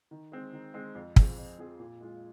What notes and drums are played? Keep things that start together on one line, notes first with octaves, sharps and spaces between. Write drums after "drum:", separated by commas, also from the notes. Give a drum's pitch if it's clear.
D#3
G#3 C4
D#3
G#3 C4
F2
F3 C4 G#4, drum: kick
F2
F3 C4 G#4
A#2
G#3 F4